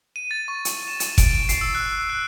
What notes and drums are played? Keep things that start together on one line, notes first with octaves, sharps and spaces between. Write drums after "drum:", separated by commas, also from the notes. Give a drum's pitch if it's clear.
D#7
A6
C#6
drum: hi-hat
E7
A6, drum: hi-hat
D7, drum: kick F#1, hi-hat
D7
C7, drum: hi-hat
E6
F#6
E6
F#6